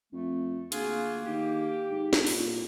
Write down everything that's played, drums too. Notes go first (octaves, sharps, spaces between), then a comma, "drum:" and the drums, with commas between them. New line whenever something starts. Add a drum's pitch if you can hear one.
F2 A3
D2 A#3 F4 F#4 G#4, drum: hi-hat
D#3 G4
G#2
drum: snare
A#2, drum: open hi-hat